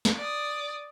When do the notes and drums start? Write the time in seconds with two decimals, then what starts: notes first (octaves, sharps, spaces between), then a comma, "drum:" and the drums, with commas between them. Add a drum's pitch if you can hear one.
0.05 drum: snare
0.17 D5 D#6